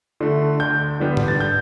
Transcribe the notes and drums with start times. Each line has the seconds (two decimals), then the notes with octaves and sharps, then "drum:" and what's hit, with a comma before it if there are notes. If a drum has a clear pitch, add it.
0.21 D3 A3
0.60 D2 G6
1.00 D3 G3 B3
1.17 drum: tom G#2
1.28 A6
1.40 G6